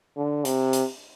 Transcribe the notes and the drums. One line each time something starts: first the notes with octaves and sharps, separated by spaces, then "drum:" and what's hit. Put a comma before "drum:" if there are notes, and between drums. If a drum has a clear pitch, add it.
D3
C3, drum: hi-hat
drum: hi-hat